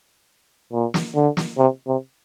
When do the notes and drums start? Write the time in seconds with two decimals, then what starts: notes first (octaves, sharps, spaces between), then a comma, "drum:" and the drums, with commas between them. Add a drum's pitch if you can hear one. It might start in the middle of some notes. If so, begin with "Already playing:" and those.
0.73 A#2
0.94 drum: snare
1.15 D3
1.37 drum: snare
1.58 C3
1.87 C3